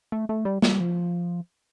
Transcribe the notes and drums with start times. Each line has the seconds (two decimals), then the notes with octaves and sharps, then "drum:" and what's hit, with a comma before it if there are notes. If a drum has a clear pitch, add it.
0.12 A3
0.29 A3
0.45 G3
0.62 G3, drum: snare
0.80 F3